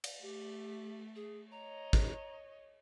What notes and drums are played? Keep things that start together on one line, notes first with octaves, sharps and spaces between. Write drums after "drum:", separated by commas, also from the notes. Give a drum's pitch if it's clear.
drum: cymbal
A3 G4
G#4
C#5 D#5 A#5
drum: kick G#1